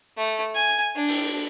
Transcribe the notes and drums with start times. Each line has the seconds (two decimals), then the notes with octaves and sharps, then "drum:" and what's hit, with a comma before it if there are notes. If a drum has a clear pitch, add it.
0.17 A3
0.55 G#5
0.96 D4
1.09 drum: open hi-hat